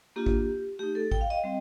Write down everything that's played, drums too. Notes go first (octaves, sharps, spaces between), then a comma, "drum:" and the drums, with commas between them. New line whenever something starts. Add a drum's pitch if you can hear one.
A#3 D4 F4 G4
drum: kick
A3 D#4 G4
A4
G5, drum: kick
F5
D#5 G5
G3 C4